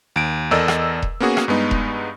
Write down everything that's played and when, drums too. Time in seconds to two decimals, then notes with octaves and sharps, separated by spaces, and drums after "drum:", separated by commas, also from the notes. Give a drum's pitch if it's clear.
0.16 D#2 D7
0.51 E2 A4 A#4 D5 D#5 E6
0.68 drum: rim click
1.02 drum: kick E1
1.20 A#3 B3 C#4 F#4 G#4
1.37 drum: rim click
1.48 G2 G#3 B3 D#4
1.71 drum: kick E1